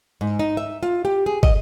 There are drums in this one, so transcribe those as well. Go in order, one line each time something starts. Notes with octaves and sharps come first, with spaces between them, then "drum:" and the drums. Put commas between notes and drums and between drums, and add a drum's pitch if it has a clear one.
G#2
D#4
E5
F4
G4
G#4
D#5, drum: kick